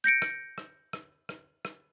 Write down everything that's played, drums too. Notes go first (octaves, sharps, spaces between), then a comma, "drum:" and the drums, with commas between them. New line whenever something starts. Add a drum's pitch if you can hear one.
G6 A#6 C#7 D7
drum: rim click
drum: rim click
drum: rim click
drum: rim click
drum: rim click